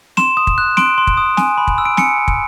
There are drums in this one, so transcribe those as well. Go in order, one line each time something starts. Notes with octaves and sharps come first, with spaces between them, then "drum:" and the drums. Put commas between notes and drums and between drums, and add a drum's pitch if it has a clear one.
C6 E7, drum: snare
D#6
drum: kick
F#6
C6 D7, drum: snare
C6
drum: kick
D#6
G#5, drum: snare
B5
drum: kick
E6
D7
G#5 C#7, drum: snare
G#5
drum: kick